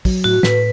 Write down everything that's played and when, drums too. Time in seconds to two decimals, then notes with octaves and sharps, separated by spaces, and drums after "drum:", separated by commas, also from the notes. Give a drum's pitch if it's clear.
0.05 F#3, drum: kick, open hi-hat
0.24 A2 F#4
0.43 A2 B4, drum: snare